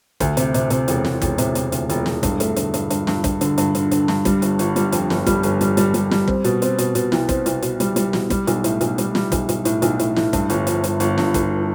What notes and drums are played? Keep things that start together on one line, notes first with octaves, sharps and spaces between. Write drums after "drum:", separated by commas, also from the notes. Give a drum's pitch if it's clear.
D2, drum: kick, hi-hat
C3, drum: hi-hat
C3, drum: hi-hat
C3, drum: hi-hat
E1, drum: hi-hat
E1, drum: snare
E1, drum: kick, hi-hat
C3, drum: hi-hat
C3, drum: hi-hat
D2, drum: hi-hat
E1, drum: hi-hat
E1, drum: snare
G2, drum: kick, hi-hat
A3, drum: hi-hat
D3, drum: hi-hat
G2, drum: hi-hat
G2, drum: hi-hat
G2, drum: snare
G2, drum: kick, hi-hat
D3, drum: hi-hat
G2, drum: hi-hat
D3, drum: hi-hat
D3, drum: hi-hat
G2, drum: snare
G3, drum: kick, hi-hat
G1, drum: hi-hat
G1, drum: hi-hat
G3, drum: hi-hat
F2, drum: hi-hat
G1, drum: snare
G3, drum: kick, hi-hat
G1, drum: hi-hat
G3, drum: hi-hat
G3, drum: hi-hat
G3, drum: hi-hat
G3, drum: snare
C4, drum: kick
B2, drum: hi-hat
C4, drum: hi-hat
B2, drum: hi-hat
B2, drum: hi-hat
C2, drum: snare
C4, drum: kick, hi-hat
C2, drum: hi-hat
B2, drum: hi-hat
G3, drum: hi-hat
G3, drum: hi-hat
B2, drum: snare
G3, drum: kick, hi-hat
B1, drum: hi-hat
A2, drum: hi-hat
B1, drum: hi-hat
G3, drum: hi-hat
G3, drum: snare
B1, drum: kick, hi-hat
B1, drum: hi-hat
A2, drum: hi-hat
B1, drum: hi-hat
A2, drum: hi-hat
A2, drum: snare
G2, drum: kick, hi-hat
G1, drum: hi-hat
F3, drum: hi-hat
G1, drum: hi-hat
G1, drum: hi-hat
G2, drum: snare
G1, drum: kick, hi-hat